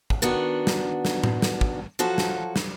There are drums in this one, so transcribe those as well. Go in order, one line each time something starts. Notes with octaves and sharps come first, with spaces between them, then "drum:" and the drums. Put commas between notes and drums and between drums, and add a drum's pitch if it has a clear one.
drum: kick
D#3 B3 D4 F#4
drum: snare
drum: snare
drum: tom A2
drum: snare
drum: kick
F3 F#3 F#4 A4
drum: snare
drum: snare